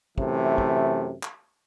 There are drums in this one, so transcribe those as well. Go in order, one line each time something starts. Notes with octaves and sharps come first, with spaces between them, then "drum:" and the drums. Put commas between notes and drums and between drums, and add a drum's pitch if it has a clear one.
F#2 C3 E3 A3, drum: kick
drum: kick
drum: clap